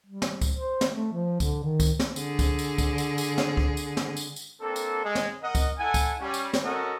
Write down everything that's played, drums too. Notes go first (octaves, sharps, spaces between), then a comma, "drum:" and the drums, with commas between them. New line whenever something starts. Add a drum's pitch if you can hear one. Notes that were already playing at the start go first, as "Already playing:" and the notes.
G3
drum: snare
drum: kick C#2, tambourine
C5
drum: snare
A3
F3
D3, drum: kick C#2, tambourine
D#3
drum: kick C#2, tambourine
drum: snare
D3 G#4, drum: tambourine
drum: kick C#2, tambourine
drum: tambourine
drum: kick C#2, tambourine
drum: tambourine
drum: tambourine
drum: snare
drum: kick C#2
drum: tambourine
drum: snare
drum: tambourine
drum: tambourine
A#3 C4 D4 A4
drum: tambourine
G#3
drum: snare
A#4 D#5 F#5
drum: kick C#2, tambourine
E4 A4 F#5 G#5
drum: kick C#2, tambourine
G3 C#4
drum: tambourine
drum: snare
C#4 F#4 A4 A#4 D#5 F#5